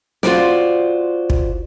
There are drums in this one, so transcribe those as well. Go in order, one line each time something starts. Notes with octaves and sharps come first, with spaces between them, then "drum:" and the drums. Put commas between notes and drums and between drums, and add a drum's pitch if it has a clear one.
F4 F#4 C5 D5, drum: snare
drum: kick